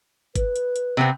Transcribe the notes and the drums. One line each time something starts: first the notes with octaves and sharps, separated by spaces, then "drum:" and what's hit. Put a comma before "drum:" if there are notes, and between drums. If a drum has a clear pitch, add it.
B4, drum: kick G1, hi-hat
drum: hi-hat
drum: hi-hat
C3 B3 C4